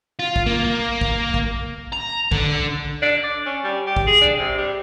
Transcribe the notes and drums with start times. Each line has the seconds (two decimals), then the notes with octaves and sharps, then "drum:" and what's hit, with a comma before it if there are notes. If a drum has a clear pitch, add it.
0.19 F4
0.36 drum: kick
0.46 A#3
1.01 drum: kick
1.34 drum: kick
1.92 A#5
2.32 D3, drum: kick
3.02 D4
3.24 D5
3.46 C#4
3.64 G3
3.87 G4
3.97 drum: kick
4.07 G#4
4.21 D4
4.40 C3
4.58 G3